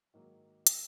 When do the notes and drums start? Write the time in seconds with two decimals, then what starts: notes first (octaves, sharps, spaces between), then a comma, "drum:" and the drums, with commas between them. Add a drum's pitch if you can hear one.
0.14 G#2 D#3 F#3 A#3
0.67 drum: hi-hat